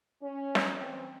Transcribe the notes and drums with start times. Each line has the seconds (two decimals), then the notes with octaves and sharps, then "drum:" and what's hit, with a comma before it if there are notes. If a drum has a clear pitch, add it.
0.22 C#4
0.55 drum: snare
0.77 E3 C4